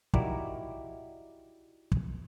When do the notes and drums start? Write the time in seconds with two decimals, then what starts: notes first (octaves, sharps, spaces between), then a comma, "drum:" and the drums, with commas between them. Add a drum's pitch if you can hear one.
0.13 D#4 E4 F#4 G4 A#4 D5, drum: kick
1.92 drum: kick